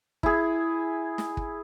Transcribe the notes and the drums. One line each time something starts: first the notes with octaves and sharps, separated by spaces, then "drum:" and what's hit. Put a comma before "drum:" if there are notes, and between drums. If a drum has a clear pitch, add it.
E4 G#4, drum: kick
drum: snare
drum: kick